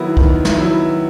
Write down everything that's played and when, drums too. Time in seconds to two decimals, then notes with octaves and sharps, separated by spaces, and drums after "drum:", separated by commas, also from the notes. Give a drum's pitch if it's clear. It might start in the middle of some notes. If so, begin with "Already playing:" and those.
Already playing: D#3 F#3 B3 E4
0.17 D#3, drum: kick
0.45 drum: snare
0.58 F#3 B3 E4